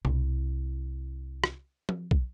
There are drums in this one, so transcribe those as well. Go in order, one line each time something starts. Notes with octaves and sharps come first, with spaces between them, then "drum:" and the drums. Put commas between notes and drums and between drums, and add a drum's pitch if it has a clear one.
C2 E4, drum: tom B2
drum: rim click
drum: tom F3
drum: kick